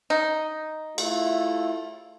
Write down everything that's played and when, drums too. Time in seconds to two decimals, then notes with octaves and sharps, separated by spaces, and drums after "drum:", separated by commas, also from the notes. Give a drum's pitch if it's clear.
0.10 D#4
0.98 A3 E4 F4, drum: cymbal